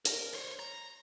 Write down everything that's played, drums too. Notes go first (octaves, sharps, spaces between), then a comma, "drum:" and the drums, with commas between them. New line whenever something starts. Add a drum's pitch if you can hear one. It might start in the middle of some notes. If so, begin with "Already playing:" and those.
A#4, drum: hi-hat
C5 C#5
A#5